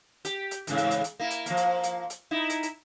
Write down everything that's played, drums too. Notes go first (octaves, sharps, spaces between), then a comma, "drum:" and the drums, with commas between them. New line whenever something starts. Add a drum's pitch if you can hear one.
G4, drum: hi-hat
drum: hi-hat
G#2 C#3 E3, drum: hi-hat
drum: hi-hat
drum: hi-hat
drum: hi-hat
A#3 E4
drum: hi-hat
F3 A#3, drum: hi-hat
drum: hi-hat
drum: hi-hat
drum: hi-hat
D#4 E4
drum: hi-hat
drum: hi-hat